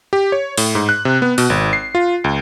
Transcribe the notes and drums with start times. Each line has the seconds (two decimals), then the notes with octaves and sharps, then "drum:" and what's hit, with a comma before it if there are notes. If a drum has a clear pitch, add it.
0.13 G4
0.32 C#5
0.58 A2, drum: open hi-hat
0.75 G#2
0.89 F#6
1.05 C3
1.22 B3
1.38 B2, drum: open hi-hat
1.50 G#1
1.73 C7
1.95 F4
2.24 C#2